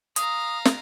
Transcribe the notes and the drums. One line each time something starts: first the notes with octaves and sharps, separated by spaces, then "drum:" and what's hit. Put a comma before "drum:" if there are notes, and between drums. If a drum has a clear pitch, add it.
F5 A#5 D#6, drum: hi-hat
drum: snare